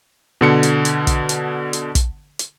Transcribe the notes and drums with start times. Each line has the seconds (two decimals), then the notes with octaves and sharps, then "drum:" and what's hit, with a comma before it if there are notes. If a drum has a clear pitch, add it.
0.41 B2 D3 C#7
0.63 drum: hi-hat
0.85 drum: hi-hat
1.07 drum: kick, hi-hat
1.29 drum: hi-hat
1.73 drum: hi-hat
1.95 drum: kick, hi-hat
2.39 drum: hi-hat